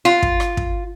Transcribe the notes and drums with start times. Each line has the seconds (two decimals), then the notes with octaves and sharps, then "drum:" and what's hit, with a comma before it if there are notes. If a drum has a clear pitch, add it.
0.05 F4
0.22 drum: kick
0.40 drum: rim click
0.57 drum: kick